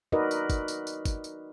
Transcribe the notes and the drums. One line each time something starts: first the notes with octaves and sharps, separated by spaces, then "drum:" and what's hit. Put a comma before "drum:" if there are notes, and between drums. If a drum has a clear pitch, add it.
D#4 F#4 A#4 B4 D5 D#5
drum: tambourine
drum: kick G1, tambourine
drum: tambourine
drum: tambourine
drum: kick G1, tambourine
drum: tambourine